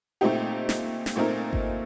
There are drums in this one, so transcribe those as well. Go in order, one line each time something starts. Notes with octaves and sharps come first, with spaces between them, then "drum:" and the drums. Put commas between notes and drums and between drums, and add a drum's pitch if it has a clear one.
A#2 A3 C4 D#4 G4
drum: snare
drum: snare
A#2 A3 C4 D#4 A#4
drum: kick G#1